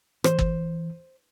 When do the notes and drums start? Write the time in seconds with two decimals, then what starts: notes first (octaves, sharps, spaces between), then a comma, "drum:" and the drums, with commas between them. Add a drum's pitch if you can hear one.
0.24 E3 C5, drum: rim click
0.39 drum: kick G1